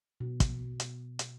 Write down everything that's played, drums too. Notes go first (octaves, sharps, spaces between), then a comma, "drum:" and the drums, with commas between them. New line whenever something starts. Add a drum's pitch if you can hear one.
B2
drum: kick, hi-hat
drum: hi-hat
drum: hi-hat